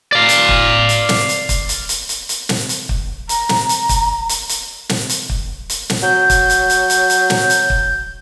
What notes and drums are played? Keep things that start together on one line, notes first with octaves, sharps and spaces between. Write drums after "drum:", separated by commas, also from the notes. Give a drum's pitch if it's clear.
D5 F5
drum: hi-hat
drum: kick
drum: hi-hat
drum: snare
drum: hi-hat
drum: kick, hi-hat
drum: hi-hat
drum: hi-hat
drum: hi-hat
drum: hi-hat
drum: snare
drum: hi-hat
drum: kick
A#5, drum: hi-hat
drum: snare
drum: hi-hat
drum: kick, hi-hat
drum: hi-hat
drum: hi-hat
drum: snare
drum: hi-hat
drum: kick
drum: hi-hat
drum: snare
F#3 G6
drum: kick, hi-hat
drum: hi-hat
drum: hi-hat
drum: hi-hat
drum: hi-hat
drum: snare
drum: hi-hat
drum: kick